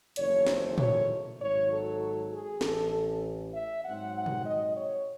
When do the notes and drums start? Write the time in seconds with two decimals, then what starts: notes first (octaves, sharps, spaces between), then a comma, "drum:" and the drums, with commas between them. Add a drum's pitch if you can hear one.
0.16 F#1 E2 D#3 A3 C#5, drum: hi-hat
0.47 C5, drum: snare
0.78 C#5, drum: tom
1.39 G#1 G#2 F#3 C#5
1.69 A4
2.31 G#4
2.61 A1 A2 E3 A4, drum: snare
2.91 A4
3.53 E5
3.83 G#2 F#3 C4 F#5
4.14 F#5
4.26 drum: tom
4.44 D#5
4.75 C#5